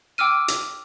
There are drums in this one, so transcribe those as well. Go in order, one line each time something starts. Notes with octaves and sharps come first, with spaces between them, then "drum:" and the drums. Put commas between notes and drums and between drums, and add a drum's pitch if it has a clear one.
G5 D6 E6 F6 D#7
drum: hi-hat